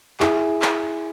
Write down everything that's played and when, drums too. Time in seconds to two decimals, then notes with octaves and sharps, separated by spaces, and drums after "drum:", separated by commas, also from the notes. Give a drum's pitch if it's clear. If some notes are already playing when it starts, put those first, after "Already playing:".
0.20 E4 G#4, drum: clap
0.62 drum: clap